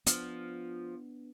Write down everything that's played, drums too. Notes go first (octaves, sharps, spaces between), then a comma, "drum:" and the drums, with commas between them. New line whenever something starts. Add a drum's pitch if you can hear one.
F3 B3 D4, drum: hi-hat